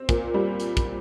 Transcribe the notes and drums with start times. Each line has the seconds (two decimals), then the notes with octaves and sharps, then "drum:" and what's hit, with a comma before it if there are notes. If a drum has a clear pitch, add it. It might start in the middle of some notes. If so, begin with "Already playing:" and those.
Already playing: C4
0.09 A#2, drum: kick, hi-hat
0.34 G3
0.60 drum: hi-hat
0.77 drum: kick, hi-hat